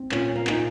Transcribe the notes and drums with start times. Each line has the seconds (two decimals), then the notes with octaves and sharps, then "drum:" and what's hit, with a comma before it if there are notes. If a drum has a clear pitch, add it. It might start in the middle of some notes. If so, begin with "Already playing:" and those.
Already playing: C4
0.12 A#2 C#4, drum: clap
0.36 A#3
0.47 A#2 D#4, drum: clap